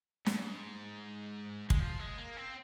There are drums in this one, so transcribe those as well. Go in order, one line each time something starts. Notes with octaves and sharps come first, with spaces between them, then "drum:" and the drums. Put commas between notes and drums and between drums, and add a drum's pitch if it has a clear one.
G#2, drum: snare
G#3, drum: kick
F3
G#3
A#3
C4